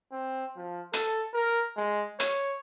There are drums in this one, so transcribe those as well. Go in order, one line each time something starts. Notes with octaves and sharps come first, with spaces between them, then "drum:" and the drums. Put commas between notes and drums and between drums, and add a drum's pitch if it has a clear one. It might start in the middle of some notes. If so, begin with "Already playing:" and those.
C4
F3
A4, drum: hi-hat
A#4
G#3
C#5, drum: hi-hat